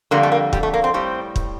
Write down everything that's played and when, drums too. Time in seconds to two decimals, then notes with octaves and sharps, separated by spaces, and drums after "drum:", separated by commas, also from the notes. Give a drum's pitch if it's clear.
0.11 F2 D3 G3 A#3
0.23 A3
0.32 A#3
0.53 G3, drum: kick
0.63 A3
0.74 A#3
0.84 C4
0.94 A2 G3 C4
1.36 drum: kick